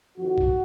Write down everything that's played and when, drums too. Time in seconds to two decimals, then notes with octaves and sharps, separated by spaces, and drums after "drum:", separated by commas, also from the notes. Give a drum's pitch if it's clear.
0.18 F2 D#3 F#4
0.38 drum: kick B1